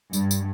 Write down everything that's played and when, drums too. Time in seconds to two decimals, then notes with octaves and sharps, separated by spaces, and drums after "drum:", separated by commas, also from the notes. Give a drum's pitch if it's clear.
0.13 G2, drum: tambourine
0.31 drum: tambourine